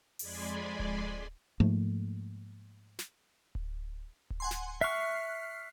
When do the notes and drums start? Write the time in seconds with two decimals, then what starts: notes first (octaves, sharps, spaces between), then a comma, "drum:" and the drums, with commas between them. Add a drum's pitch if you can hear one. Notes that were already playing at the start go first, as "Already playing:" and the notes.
0.19 F2 G#3 D5 G#5 B5 C6, drum: open hi-hat
0.79 drum: kick D1
1.60 G#2 F3 A3 A#3
2.99 drum: snare
3.55 drum: kick D1
4.30 drum: kick D1
4.40 F#5 G#5 C6
4.51 drum: snare
4.81 E5 C#6 F6 F#6 C7